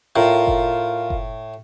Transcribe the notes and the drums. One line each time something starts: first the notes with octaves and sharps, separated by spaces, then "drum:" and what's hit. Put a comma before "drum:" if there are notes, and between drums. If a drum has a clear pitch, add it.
A2 F4 A#4
drum: kick F#1
drum: kick F#1